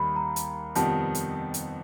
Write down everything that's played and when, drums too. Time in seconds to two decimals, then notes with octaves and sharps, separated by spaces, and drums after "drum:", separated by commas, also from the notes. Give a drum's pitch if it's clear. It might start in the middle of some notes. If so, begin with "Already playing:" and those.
Already playing: D#2 D#3 G3 B5
0.16 A#5
0.36 drum: hi-hat
0.75 F2 C3 D#3 G3 B3 A5, drum: hi-hat
1.15 drum: hi-hat
1.54 drum: hi-hat